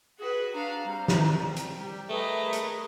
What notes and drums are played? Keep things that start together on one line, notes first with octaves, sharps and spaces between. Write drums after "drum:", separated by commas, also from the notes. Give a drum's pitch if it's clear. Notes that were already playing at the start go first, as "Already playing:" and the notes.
F#4 G#4 B4
D4 F#4 F5 A#5
G3 C4
drum: snare
drum: hi-hat
G3 G4
A3 G#4 A#4 B4 D#5
drum: hi-hat